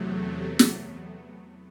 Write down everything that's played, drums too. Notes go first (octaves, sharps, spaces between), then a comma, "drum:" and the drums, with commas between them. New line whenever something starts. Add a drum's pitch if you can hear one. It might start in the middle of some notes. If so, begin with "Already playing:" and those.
Already playing: E2 C3 F#3 A3
drum: snare
B3